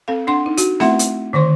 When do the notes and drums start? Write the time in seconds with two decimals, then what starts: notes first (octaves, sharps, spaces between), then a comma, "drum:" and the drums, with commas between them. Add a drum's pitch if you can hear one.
0.08 C4 A4 F5
0.27 D4 F#5 C6
0.46 D#4
0.57 F#4, drum: hi-hat
0.80 A3 C4 E4 E5 F#5 C6, drum: snare B3
0.99 drum: hi-hat
1.33 D3 D#3 C5 C6